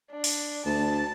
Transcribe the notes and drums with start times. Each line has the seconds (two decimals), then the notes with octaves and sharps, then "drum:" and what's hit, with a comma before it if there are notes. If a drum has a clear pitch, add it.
0.11 D4
0.24 drum: open hi-hat
0.66 D2 A5